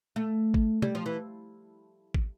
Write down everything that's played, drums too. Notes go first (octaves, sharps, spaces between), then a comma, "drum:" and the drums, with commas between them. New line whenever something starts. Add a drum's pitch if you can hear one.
A3
drum: kick G#1
G3, drum: tom
F3
E3
drum: kick G#1